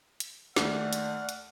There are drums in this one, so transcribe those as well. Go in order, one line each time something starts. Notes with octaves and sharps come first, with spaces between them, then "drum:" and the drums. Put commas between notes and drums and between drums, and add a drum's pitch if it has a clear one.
drum: hi-hat
D#2 A3 D5 F#5 F6, drum: snare
drum: hi-hat
drum: hi-hat